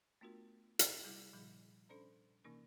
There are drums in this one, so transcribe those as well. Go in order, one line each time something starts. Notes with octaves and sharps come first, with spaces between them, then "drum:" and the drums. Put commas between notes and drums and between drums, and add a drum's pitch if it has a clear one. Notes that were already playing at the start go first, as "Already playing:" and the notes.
A3 B3 D4 F4 F#4 A#4
drum: hi-hat
C3 G3 E4 G#4 F#5
A#2 C#3 F3 G3
C#4 D4 A4 C5 D5 A#5
C3 E3 A#3 C#4 D#4 A#4